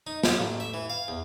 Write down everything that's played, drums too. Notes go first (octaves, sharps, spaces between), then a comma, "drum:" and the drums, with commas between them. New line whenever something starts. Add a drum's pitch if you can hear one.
D#4
F4, drum: snare
A1
E5
E3
F5
E2